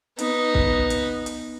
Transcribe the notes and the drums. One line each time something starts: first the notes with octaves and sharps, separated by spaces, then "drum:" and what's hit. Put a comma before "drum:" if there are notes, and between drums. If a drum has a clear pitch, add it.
B3 D#4, drum: hi-hat
drum: kick
drum: hi-hat
drum: hi-hat